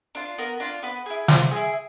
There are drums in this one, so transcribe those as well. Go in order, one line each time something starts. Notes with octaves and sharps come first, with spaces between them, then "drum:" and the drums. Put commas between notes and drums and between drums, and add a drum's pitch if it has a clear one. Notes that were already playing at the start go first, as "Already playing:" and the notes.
D4 F4
B3 A#4
D4 F4
B3 B4
E4 G#4
B3 C5, drum: snare
E4 G#4